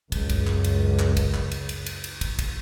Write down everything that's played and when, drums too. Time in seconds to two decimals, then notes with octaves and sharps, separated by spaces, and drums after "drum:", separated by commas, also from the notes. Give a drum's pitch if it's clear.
0.12 C#2 F#2, drum: kick, cymbal
0.30 drum: kick, cymbal
0.47 drum: clap
0.64 drum: cymbal
0.99 drum: clap
1.17 drum: kick, cymbal
1.34 drum: clap
1.52 drum: cymbal
1.69 drum: cymbal
1.86 drum: cymbal
2.04 drum: cymbal
2.21 drum: kick, cymbal
2.39 drum: kick, cymbal